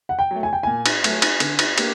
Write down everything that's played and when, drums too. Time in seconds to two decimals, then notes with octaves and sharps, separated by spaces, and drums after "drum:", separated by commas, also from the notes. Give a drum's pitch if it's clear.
0.09 F#5
0.19 G5
0.31 F#3 A3
0.43 G#5
0.53 G5
0.63 A#2 G#5
0.86 drum: cymbal
1.04 F#3 A3, drum: cymbal
1.22 drum: cymbal
1.40 D3, drum: cymbal
1.59 drum: cymbal
1.78 A#3 D4 G4, drum: cymbal